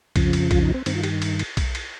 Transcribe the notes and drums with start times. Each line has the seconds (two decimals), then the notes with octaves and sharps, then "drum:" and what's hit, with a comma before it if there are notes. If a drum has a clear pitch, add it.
0.16 F2 C#3 F3, drum: kick B1, cymbal
0.33 drum: cymbal
0.51 F4, drum: kick B1, cymbal
0.63 D#4
0.74 C4
0.86 G2 D#3 C4, drum: cymbal
0.95 F4
1.03 G4, drum: cymbal
1.22 drum: cymbal
1.39 drum: cymbal
1.57 drum: kick B1, cymbal
1.75 drum: cymbal